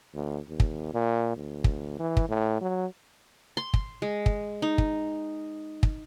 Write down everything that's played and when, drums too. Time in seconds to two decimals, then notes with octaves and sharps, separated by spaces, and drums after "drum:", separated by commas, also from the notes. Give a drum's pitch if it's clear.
0.14 D2
0.48 D#2
0.60 drum: kick
0.94 A#2
1.37 D2
1.64 drum: kick
1.99 E3
2.17 drum: kick
2.29 A2
2.62 F#3
3.57 C6
3.74 drum: kick
4.02 G#3
4.26 drum: kick
4.62 D#4
4.78 drum: kick
5.83 drum: kick